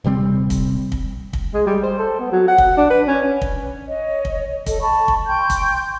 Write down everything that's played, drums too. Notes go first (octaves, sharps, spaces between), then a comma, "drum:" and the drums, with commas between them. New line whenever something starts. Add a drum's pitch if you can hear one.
D#1 C3 G3 C4
drum: kick, hi-hat
drum: kick
drum: kick
G#3
G3
C5
A4
B3
F#3
F#5
drum: kick
D4
B4
C#4
drum: kick
C#5 D#5
drum: kick
A4 D#5, drum: kick, hi-hat
A5 B5 C#6
drum: kick
G5 C6 C#6 G6
drum: kick, hi-hat